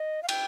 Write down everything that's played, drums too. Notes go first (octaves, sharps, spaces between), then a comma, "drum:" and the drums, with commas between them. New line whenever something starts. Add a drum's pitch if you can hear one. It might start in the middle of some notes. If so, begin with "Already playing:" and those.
Already playing: D#5
F5
G5, drum: cymbal